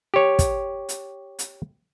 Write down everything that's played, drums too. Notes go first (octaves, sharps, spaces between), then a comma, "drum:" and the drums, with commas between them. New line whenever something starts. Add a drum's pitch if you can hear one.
G4 C#5
drum: kick, hi-hat
drum: hi-hat
drum: hi-hat